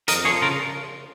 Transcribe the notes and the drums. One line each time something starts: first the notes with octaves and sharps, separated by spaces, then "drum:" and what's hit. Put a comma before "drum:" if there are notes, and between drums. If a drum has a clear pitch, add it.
F2 A#4 D#5, drum: hi-hat
F3 G#4 C#5
C#3 F4 A#4